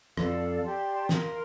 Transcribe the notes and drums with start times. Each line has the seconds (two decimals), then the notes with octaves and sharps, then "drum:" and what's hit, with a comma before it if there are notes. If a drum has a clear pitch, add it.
0.17 F2 A4 D5 F5 A5, drum: rim click
0.64 G4 D5 A5 C6
1.09 A#4 F5 C6, drum: snare